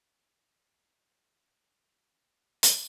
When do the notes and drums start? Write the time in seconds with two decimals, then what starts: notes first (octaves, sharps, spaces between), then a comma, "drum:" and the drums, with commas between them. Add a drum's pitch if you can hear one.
0.16 E2 G#5 D#6 F6
2.63 drum: hi-hat